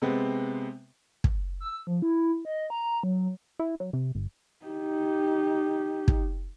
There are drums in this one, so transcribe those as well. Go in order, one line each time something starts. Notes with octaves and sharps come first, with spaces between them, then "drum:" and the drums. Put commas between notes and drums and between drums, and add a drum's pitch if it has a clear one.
C3 G#3 B3 C4
drum: kick
E6
F3
E4
D#5
A#5
F#3
E4
F#3
C3
G1
D#4 G4
drum: kick